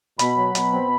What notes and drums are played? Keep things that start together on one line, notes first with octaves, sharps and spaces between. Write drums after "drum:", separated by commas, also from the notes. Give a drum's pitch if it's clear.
B2 B5, drum: hi-hat
F#3
B2, drum: hi-hat
C4